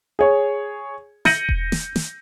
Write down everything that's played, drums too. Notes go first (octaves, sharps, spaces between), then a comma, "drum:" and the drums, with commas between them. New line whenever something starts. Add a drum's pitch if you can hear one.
G#4 C#5
G6 A#6 C#7 D#7 F#7, drum: snare
drum: kick E1
drum: snare
drum: snare